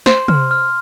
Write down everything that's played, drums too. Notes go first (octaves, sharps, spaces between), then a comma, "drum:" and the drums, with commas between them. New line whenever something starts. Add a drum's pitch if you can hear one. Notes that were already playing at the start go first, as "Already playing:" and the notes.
C5 C6, drum: snare
F6, drum: tom
F6